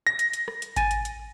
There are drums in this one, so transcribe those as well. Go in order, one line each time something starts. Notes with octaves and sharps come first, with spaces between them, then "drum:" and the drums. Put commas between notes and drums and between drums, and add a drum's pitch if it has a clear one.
A#6
drum: hi-hat
drum: hi-hat
drum: rim click
drum: hi-hat
G#5 A6 D#7, drum: kick G#1, hi-hat
drum: hi-hat
drum: hi-hat